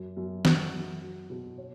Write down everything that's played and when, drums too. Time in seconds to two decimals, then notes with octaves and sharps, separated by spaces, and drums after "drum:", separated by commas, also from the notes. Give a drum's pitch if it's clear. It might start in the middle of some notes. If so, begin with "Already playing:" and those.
Already playing: F#2
0.17 F#2
0.45 F#4, drum: snare
0.73 F#2
1.02 F#4
1.30 B2
1.58 C#5